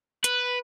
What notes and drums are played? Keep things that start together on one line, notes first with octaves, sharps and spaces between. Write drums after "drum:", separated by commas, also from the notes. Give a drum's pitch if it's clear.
B4, drum: hi-hat